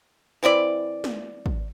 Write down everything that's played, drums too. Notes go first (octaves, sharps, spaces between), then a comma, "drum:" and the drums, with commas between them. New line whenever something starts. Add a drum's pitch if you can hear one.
E3 C4 E4 D5
drum: snare
drum: kick